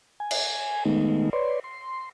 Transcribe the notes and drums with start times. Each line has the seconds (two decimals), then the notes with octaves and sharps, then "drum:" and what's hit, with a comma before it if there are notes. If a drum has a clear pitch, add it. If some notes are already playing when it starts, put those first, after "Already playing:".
0.20 G#5
0.31 drum: cymbal
0.85 D#3 G#3 A3 B3 D#4
1.33 B4 C#5 D5 C6
1.64 C6